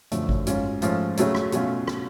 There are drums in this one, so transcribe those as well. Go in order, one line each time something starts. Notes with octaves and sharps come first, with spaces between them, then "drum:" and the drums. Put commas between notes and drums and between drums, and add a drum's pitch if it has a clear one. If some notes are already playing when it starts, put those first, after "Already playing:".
F#2 D3 F3 A3, drum: hi-hat
drum: kick G#1
G#2 F#3 C#4 F4, drum: hi-hat
G#2 F3 A3 C#4 F4, drum: hi-hat
C#3 F#3 A3 C#4, drum: hi-hat
drum: rim click
B2 F#3 A3 C#4 F4, drum: hi-hat
drum: rim click